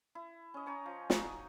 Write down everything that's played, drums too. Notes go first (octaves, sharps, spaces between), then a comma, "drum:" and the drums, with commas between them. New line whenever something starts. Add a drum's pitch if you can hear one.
E4
C#4 D#5
C#4 C#5 G5 A#5
F3
D#4 F#4, drum: snare
D#5